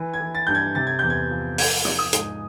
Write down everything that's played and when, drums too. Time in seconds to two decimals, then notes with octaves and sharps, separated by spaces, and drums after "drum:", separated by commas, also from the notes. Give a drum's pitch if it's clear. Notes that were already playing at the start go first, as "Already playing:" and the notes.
Already playing: E3
0.14 G#6
0.20 E3
0.35 A6
0.47 G2 G6
0.55 G#6
0.75 C3 A6
0.87 G#6
0.99 E2 G6
1.10 G#6
1.30 F3
1.58 F3 G#6, drum: open hi-hat
1.85 F3, drum: rim click
1.99 D#6
2.13 G#2, drum: hi-hat